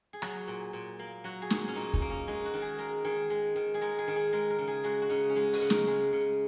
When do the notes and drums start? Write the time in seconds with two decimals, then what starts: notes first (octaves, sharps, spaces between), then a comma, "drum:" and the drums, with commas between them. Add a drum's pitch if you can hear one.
0.13 G#4
0.22 F#3 F#4, drum: rim click
0.48 A#2
0.73 A#2
0.99 A#3
1.24 F#3 F#4
1.42 G#4
1.50 A#2, drum: snare
1.59 G#4
1.68 C#4
1.76 A#2 D#4
1.94 D#4, drum: kick
2.02 A#3
2.10 C#4
2.27 G#3 D#4
2.45 F#4
2.54 D#3
2.62 G#4
2.78 G#3 A#4
3.05 D#3 G#4
3.30 G#3
3.56 D#3
3.74 G#4
3.81 G#3 A#4
3.99 G#4
4.08 D#3
4.16 G#4
4.33 G#3 A#4
4.50 A#4
4.59 C#3
4.68 G#4
4.84 G#3 F#4
5.02 F#4
5.09 C#3 D#4
5.29 C#4
5.35 G#3 D#4
5.53 F#4, drum: open hi-hat
5.61 C#3
5.70 A#4, drum: snare
5.87 G#3
6.13 C#3